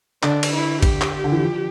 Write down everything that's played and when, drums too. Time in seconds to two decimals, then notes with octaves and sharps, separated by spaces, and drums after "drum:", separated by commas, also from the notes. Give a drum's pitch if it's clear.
0.23 D3 D4, drum: clap
0.43 drum: cymbal
0.52 E4
0.82 G4, drum: kick A1, cymbal
1.01 drum: clap
1.24 D3
1.32 E3
1.40 F3